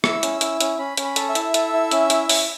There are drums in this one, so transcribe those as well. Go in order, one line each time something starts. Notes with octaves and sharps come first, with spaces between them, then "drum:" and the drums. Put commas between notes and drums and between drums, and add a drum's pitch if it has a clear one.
E4 E6, drum: rim click
C#4, drum: hi-hat
E4, drum: hi-hat
C#4, drum: hi-hat
C#4 B5
C#4, drum: hi-hat
B5
A4, drum: hi-hat
E5
E4, drum: hi-hat
A4, drum: hi-hat
E4
C#4, drum: hi-hat
E4, drum: hi-hat
C#4, drum: open hi-hat